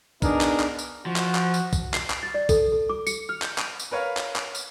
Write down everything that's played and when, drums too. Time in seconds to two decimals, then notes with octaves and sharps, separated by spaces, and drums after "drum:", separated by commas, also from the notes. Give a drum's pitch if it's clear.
0.22 B3 D4 D#4 G#4 A#4, drum: kick, tambourine
0.41 drum: clap
0.60 drum: clap
0.79 drum: tambourine
1.06 F3 F#4
1.16 drum: clap
1.35 drum: clap
1.54 drum: tambourine
1.73 drum: kick, tambourine
1.94 C7, drum: clap
2.10 drum: clap
2.23 A6
2.34 D5
2.49 A4, drum: kick, tambourine
2.72 A4
2.89 D6
3.07 C#7, drum: tambourine
3.29 F6
3.42 G6, drum: clap
3.58 D#7, drum: clap
3.80 drum: tambourine
3.91 A#4 B4 C#5 F5
4.17 drum: clap
4.36 drum: clap
4.55 drum: tambourine